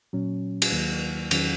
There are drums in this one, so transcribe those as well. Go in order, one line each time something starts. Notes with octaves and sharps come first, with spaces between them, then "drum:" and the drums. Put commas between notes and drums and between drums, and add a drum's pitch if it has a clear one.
A#2 F#3 C#4
drum: cymbal
D#2 D#3 F#3 A#3
E2 D#3 F#3 C#4, drum: cymbal